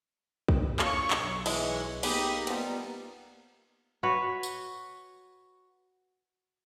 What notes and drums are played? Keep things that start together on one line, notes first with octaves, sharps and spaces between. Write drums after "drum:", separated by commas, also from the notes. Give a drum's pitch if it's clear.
drum: kick
A#3 D4 F4 C#5 C#6, drum: clap
B1, drum: clap
E3 G#3 E4 C#5 D#5, drum: cymbal
A#3 B3 D#4 G4 G#4 B5 D#6, drum: cymbal
F3 G3 B3 C4, drum: cymbal
F#4 B4 C#5
drum: tambourine